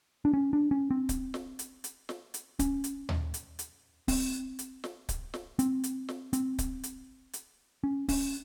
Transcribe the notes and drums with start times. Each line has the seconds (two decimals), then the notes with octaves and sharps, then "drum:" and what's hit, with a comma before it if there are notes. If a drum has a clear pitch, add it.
0.25 D4
0.34 C#4
0.53 D4
0.71 C#4
0.91 C4
1.09 drum: kick C#1, hi-hat
1.34 drum: snare
1.59 drum: hi-hat
1.84 drum: hi-hat
2.09 drum: snare
2.34 drum: hi-hat
2.59 C#4, drum: kick C#1, hi-hat
2.84 drum: hi-hat
3.09 drum: tom D#2
3.34 drum: hi-hat
3.59 drum: hi-hat
4.08 C4, drum: kick C#1, open hi-hat
4.59 drum: hi-hat
4.84 drum: snare
5.09 drum: kick C#1, hi-hat
5.34 drum: snare
5.59 C4, drum: hi-hat
5.84 drum: hi-hat
6.09 drum: snare
6.33 C4, drum: hi-hat
6.58 drum: kick C#1, hi-hat
6.83 drum: hi-hat
7.33 drum: hi-hat
7.84 C#4
8.09 C#4, drum: kick C#1, open hi-hat